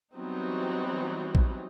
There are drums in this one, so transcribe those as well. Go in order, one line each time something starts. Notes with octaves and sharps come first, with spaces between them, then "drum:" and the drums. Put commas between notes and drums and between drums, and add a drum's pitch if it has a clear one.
E3 F#3 G3 B3 C4 D#4
drum: kick